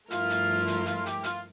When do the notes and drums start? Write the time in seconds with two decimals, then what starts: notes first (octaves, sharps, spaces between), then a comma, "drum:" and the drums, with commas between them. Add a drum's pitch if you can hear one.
0.11 G2 F3 A3 E4 F4 A#4, drum: hi-hat
0.30 drum: hi-hat
0.68 drum: hi-hat
0.86 F4, drum: hi-hat
1.06 G4, drum: hi-hat
1.24 F4, drum: hi-hat